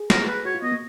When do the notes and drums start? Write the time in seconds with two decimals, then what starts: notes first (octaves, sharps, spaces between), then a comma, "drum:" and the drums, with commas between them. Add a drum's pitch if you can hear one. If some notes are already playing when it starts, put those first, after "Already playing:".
Already playing: G#4
0.10 A#4, drum: snare
0.27 B4
0.45 F#4 C#5
0.55 F4
0.62 B3 D#5
0.72 A#3